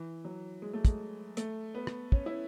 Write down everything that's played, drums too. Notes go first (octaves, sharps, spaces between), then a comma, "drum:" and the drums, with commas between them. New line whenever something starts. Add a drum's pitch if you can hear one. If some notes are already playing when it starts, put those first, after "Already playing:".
Already playing: E3
F#3
G#3
A3
G#3, drum: kick, hi-hat
A3, drum: hi-hat
B3
drum: rim click
C#4, drum: kick
E4